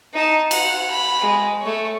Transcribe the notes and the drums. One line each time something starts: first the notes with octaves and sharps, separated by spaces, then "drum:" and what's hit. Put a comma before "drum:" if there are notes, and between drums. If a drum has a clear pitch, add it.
D#4 A5
F#5, drum: cymbal
B5
G#3
A3 C#5